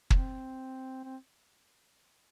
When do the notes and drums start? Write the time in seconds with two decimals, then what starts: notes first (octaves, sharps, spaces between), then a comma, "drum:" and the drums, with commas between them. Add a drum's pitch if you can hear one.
0.10 C4, drum: kick
1.04 C4